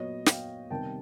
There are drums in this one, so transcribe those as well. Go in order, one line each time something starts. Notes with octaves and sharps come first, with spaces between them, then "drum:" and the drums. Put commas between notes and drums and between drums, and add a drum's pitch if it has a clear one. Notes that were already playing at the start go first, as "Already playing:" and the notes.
Already playing: A#2 F#3 B3 C#5 D#5
F5 G5, drum: snare
C3 D#3 G3 B3 G5 A5